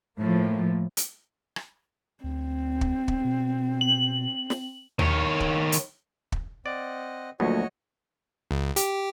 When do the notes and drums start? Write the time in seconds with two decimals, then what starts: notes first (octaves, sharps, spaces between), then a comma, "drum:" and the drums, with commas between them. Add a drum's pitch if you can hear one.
0.19 A2 F3 A#3
0.97 drum: hi-hat
1.56 drum: rim click
2.24 D2 C4
2.81 drum: kick
3.08 drum: kick
3.25 B2
3.81 F#7
4.50 drum: snare
4.99 D#3 C#5, drum: tom D#2
5.40 drum: kick
5.72 drum: hi-hat
6.32 drum: kick
6.66 C4 D5 D#5 F#5
7.40 D2 F3 F#3 A3 A#3 F#4 C#5 D#5
8.51 C#2
8.76 G4, drum: hi-hat